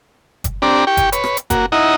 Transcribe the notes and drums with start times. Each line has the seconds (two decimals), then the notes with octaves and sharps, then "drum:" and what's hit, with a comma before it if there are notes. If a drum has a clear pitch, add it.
0.44 drum: kick F#1, hi-hat
0.62 C4 D4 G4 D5 A#5
0.87 G4 G5 C#6
0.97 drum: kick F#1, hi-hat
1.12 B4 C#5, drum: hi-hat
1.24 drum: rim click
1.37 drum: hi-hat
1.50 A#3 F#4, drum: kick F#1, hi-hat
1.72 D#4 E4 D#5 F#5 A#5